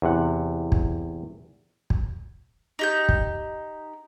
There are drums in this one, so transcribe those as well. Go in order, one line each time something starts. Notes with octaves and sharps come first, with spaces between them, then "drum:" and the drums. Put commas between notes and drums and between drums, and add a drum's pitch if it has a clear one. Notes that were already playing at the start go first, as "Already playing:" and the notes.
E2 C3 F#5
drum: kick
drum: kick
D#4 G4 G6
drum: kick